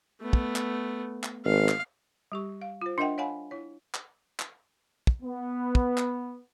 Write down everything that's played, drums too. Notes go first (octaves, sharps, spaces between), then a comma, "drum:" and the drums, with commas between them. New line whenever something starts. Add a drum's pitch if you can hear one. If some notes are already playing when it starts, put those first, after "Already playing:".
A3 B3
drum: kick
drum: clap
drum: clap
G#1 F5
drum: clap
G3 G4 C#6
F5
F4 C5
D4 A#4 D#5 E5 F#5 G5
C#5 F5 F#5 G#5 B5
E4 C#5
drum: clap
drum: clap
drum: kick
B3
drum: kick
drum: clap